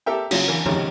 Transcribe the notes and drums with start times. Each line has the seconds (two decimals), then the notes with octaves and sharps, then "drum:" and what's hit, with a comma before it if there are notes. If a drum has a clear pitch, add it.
0.06 G4 A4 A#4 E5 G5
0.31 C#3 F#3 F4, drum: cymbal
0.48 D3 E3 A#4
0.66 G#1 C#2 C3 D#3 C#4, drum: tom F3